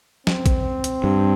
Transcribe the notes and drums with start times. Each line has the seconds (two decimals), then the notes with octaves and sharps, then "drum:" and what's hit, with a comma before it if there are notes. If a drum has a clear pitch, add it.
0.27 C4, drum: snare
0.46 drum: kick, hi-hat
0.84 drum: hi-hat
1.04 G2